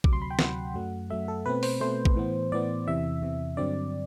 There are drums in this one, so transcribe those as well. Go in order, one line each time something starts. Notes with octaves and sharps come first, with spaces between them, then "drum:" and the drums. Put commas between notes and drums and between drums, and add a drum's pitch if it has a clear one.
D2 C3 F#3 D6, drum: kick A#1
C6
B5
G5
D2 C3 F#3 F#5, drum: snare
F#2 F#3 A3
F#2 F#3 A3 E5
A4
B2 A3 C4 B4
C5, drum: open hi-hat
B2 A3 C4 C5
drum: kick A#1
A2 E3 B3
A2 E3 B3 D5
E2 C3 E3 E5
E2 C3 E3
G2 D3 F#3 C4 D5